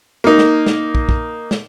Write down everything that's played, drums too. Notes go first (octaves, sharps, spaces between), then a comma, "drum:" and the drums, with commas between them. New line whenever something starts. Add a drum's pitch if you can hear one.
A#3 D#4
drum: snare
drum: snare
drum: kick
drum: kick
drum: snare